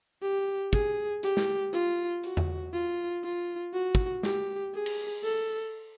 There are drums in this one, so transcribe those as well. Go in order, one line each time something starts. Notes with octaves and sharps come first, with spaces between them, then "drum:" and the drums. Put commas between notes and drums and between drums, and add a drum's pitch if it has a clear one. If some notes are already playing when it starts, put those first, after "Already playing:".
G4
G#4, drum: kick
G4, drum: hi-hat
drum: snare
F4
F#4, drum: hi-hat
drum: tom E2
F4
F4
F#4
drum: kick
G4, drum: snare
G#4
drum: cymbal
A4